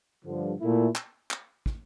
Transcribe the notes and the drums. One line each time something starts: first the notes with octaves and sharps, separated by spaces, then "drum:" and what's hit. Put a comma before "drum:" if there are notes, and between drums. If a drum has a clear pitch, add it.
G2 D3 F3
A#2 A3 E4
drum: clap
drum: clap
drum: kick